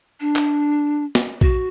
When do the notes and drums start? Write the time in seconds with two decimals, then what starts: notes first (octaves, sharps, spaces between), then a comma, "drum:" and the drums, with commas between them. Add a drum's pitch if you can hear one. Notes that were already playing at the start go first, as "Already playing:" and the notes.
0.21 D4
0.36 drum: clap
1.15 drum: snare
1.41 F#4, drum: kick A#1